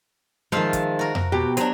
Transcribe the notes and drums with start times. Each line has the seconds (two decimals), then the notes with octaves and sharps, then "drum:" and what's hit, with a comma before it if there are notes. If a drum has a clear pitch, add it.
0.52 D#3 F3 G#3 F4 E5
0.73 drum: kick, hi-hat
0.99 F#4 A#4
1.15 drum: tom F2
1.32 B2 G4
1.57 F#3 D4 C5, drum: hi-hat